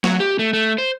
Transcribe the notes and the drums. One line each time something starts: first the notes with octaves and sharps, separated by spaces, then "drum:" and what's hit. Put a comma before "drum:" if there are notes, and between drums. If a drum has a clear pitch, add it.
F#3, drum: snare
G4
A3
A3
C5